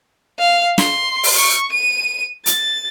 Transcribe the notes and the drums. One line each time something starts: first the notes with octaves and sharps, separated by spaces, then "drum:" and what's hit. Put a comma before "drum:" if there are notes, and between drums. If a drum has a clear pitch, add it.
F5
C6, drum: snare
drum: open hi-hat
C#6
D#7
A6, drum: hi-hat